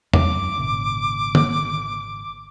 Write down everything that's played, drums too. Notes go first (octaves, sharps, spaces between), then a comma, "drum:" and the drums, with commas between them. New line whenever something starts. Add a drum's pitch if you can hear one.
F#2 D6, drum: tom E2
G#1 A#2 C#3
drum: tom D3